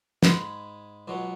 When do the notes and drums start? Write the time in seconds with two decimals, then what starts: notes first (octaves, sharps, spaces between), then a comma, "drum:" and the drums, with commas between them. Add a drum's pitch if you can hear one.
0.23 G#2 G#3 B5, drum: snare
1.08 C#2 B2 F#3